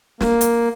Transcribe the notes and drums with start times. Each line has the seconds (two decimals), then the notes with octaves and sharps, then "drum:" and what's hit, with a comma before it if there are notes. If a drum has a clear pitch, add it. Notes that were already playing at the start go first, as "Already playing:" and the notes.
0.21 A#3, drum: snare
0.41 drum: hi-hat